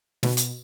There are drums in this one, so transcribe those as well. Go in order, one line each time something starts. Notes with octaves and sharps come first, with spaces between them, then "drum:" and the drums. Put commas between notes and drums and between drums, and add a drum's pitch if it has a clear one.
B2, drum: snare
drum: hi-hat